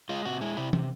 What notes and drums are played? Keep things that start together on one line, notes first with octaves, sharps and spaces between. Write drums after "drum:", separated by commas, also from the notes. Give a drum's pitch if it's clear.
G#3 F4
C3 F#4
G#3 E4
C3 E4
C3, drum: tom